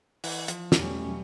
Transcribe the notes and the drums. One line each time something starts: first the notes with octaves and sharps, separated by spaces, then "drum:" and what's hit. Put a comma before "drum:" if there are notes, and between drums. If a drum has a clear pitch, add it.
E3, drum: open hi-hat
F3, drum: hi-hat
E2 B2 F#3 G3 A3 C#4, drum: snare